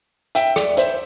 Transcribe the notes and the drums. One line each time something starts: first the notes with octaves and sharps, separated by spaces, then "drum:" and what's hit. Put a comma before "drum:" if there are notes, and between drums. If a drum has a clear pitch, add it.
E5 G5, drum: hi-hat
D5, drum: rim click
C5 E5, drum: hi-hat